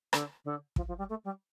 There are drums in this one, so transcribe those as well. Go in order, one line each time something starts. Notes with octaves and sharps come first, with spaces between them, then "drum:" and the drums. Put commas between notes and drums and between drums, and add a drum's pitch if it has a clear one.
D3, drum: rim click
D3
F3, drum: kick
F3
G3
A3
G3